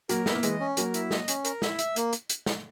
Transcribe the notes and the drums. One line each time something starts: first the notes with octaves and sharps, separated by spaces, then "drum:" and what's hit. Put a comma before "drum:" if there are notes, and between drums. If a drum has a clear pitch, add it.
F#3 A#3 A#4, drum: hi-hat
B3 E4, drum: snare
A#3
E3 G#3 D#5, drum: hi-hat
C#4
F#3 A#3 A#4, drum: hi-hat
E4, drum: hi-hat
D#5, drum: snare
C#4, drum: hi-hat
A#4, drum: hi-hat
E4, drum: snare
E5, drum: hi-hat
A#3, drum: hi-hat
drum: hi-hat
drum: hi-hat
drum: snare